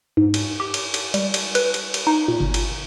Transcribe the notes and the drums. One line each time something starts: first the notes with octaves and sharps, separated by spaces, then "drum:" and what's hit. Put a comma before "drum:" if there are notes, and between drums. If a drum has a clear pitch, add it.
G#2
drum: cymbal
G4
drum: cymbal
drum: cymbal
G3, drum: cymbal
drum: cymbal
B4, drum: cymbal
drum: cymbal
drum: cymbal
D#4
A#2
G1
drum: cymbal